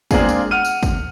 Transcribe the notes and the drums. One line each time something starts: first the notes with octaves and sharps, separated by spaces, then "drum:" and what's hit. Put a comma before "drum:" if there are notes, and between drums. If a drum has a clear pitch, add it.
G#3 A#3 C4 D4 F4 G#4, drum: kick, tambourine
drum: tambourine
F#5 F6 D#7
drum: tambourine
drum: kick, tambourine